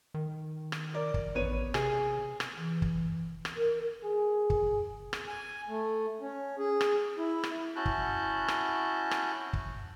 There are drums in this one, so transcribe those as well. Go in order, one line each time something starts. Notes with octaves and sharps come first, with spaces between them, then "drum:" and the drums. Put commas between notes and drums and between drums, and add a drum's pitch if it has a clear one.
D#3
drum: rim click
A#4 D5
drum: kick
A1 B3 C#5 D#7
C3 G#4, drum: rim click
drum: rim click
E3
drum: kick
drum: rim click
A#4
G#4
drum: kick
drum: rim click
G#5
A3
C#4
G#4
drum: rim click
E4
drum: rim click
C#4 E4 F#4 A5 F#6 G6
drum: kick
drum: rim click
drum: rim click
drum: kick